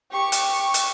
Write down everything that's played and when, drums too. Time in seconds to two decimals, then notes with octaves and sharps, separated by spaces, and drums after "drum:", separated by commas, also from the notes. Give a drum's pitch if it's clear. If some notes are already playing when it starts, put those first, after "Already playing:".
0.11 G4 C#6
0.32 drum: hi-hat
0.74 drum: hi-hat